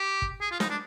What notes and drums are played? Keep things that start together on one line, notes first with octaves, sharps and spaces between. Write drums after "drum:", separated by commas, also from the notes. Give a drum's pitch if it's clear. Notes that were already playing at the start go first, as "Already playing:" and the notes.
Already playing: G4
drum: kick
G#4
F4
D#4, drum: snare
D4